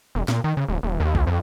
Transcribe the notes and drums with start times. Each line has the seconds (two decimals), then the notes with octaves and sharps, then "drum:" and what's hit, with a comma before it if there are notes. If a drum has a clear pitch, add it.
0.15 E1
0.28 A#2, drum: snare
0.44 D#3
0.57 C#3
0.68 D1
0.83 D#1
1.00 D#2
1.15 D2, drum: kick B1
1.27 F2